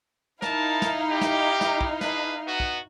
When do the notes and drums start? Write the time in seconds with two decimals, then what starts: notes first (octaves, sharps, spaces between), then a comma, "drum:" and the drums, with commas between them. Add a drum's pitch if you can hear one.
0.42 D#4 E4 A#4 F5 A5, drum: snare
0.82 drum: snare
1.10 G4
1.21 drum: snare
1.61 drum: snare
1.81 drum: kick
2.01 D4 G#4 B4, drum: snare
2.47 B3 D#4 F#4
2.60 drum: kick